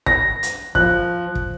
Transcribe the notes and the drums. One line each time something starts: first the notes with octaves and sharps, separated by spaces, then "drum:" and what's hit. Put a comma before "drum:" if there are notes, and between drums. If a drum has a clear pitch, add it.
A#6, drum: kick
drum: hi-hat
F3 F#6, drum: kick
drum: kick